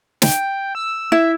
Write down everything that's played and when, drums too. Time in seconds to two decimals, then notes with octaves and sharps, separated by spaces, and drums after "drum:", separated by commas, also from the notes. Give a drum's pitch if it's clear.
0.22 G5, drum: snare
0.75 E6
1.12 E4 E5